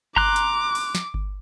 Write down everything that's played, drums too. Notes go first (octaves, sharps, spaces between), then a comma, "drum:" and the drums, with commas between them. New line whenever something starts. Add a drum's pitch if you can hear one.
A#5 C6 D6 F#6, drum: kick G1
drum: hi-hat
drum: open hi-hat
drum: snare
drum: kick G1